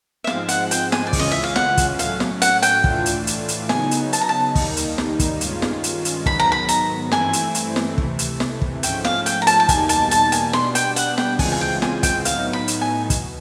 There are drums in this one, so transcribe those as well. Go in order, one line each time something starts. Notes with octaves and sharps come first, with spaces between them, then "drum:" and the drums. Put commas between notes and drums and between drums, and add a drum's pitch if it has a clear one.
E5
G#2 F3 G#3 C4 F5, drum: snare
F#5, drum: hi-hat
G5, drum: hi-hat
G#5, drum: snare
D5
C#3 E3 G#3 C#4 F4, drum: kick, open hi-hat
D#5
E5
F5
F#5, drum: snare
drum: kick, hi-hat
A2 F#3 A3 C#4 F5, drum: hi-hat
drum: snare
F#5, drum: hi-hat
G5, drum: hi-hat
A2 E3 A3 D4 F4, drum: kick
drum: hi-hat
drum: hi-hat
drum: hi-hat
C#3 F#3 B3 D#4 G#5, drum: snare
drum: hi-hat
A5, drum: hi-hat
A#5
A5
D#2 D#3 G3 A#3 D#4, drum: kick, open hi-hat
drum: hi-hat
drum: snare
drum: kick, hi-hat
G2 D#3 G#3 C#4 F4, drum: hi-hat
drum: snare
drum: hi-hat
drum: hi-hat
G#2 D#3 F#3 B3 B5, drum: kick
A#5
B5
A#5, drum: hi-hat
G2 E3 A3 C4 E4 G#5, drum: snare
drum: hi-hat
drum: hi-hat
drum: snare
C3 E3 A3, drum: kick
drum: hi-hat
drum: snare
drum: kick
G#2 F3 A3 C#4 G5, drum: hi-hat
F5, drum: snare
G5, drum: hi-hat
A#5
A5, drum: hi-hat
A5
E2 B2 G3 A#3 D#4 G#5, drum: kick, hi-hat
A5, drum: hi-hat
A5, drum: hi-hat
G#5, drum: hi-hat
B2 G3 B3 D4 C6, drum: snare
G5, drum: hi-hat
F#5, drum: hi-hat
G5, drum: snare
C#3 E3 G#3 C4 F4 G#5, drum: kick, open hi-hat
G#5
G5
G#5, drum: snare
G5, drum: kick, hi-hat
A2 F#3 B3 D#4 F5, drum: hi-hat
B5
drum: hi-hat
G#5
B2, drum: kick, hi-hat